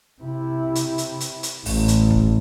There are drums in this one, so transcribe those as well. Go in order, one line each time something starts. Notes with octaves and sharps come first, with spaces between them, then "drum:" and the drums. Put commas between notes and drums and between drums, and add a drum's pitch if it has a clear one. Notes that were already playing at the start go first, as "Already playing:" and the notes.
C3 E4
drum: hi-hat
drum: hi-hat
drum: hi-hat
drum: hi-hat
A1, drum: open hi-hat
drum: hi-hat
drum: kick